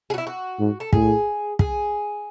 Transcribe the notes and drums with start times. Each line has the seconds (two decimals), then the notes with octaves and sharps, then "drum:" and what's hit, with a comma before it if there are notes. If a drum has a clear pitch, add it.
0.10 G#4
0.14 F#4
0.18 E4
0.27 F#4
0.59 G#2
0.80 A4
0.93 A2 G#4, drum: kick
1.59 G#4, drum: kick